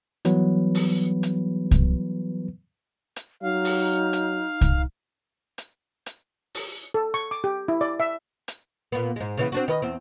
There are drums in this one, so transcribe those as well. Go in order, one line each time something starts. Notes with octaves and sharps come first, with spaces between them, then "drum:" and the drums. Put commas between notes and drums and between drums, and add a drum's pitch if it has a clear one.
E3 F#3 G3 B3 B4, drum: hi-hat
drum: open hi-hat
drum: hi-hat
drum: kick C2, hi-hat
drum: hi-hat
F#3 D#4 F5
drum: open hi-hat
drum: hi-hat
drum: kick C2, hi-hat
drum: hi-hat
drum: hi-hat
drum: open hi-hat
A4
C#6
D6
G4
E4
D5
E5
drum: hi-hat
A#2 B3
G#2 G#3
C#3 E3 B3
C4 D4 F#4
D#3 B4 D#5
E2 C4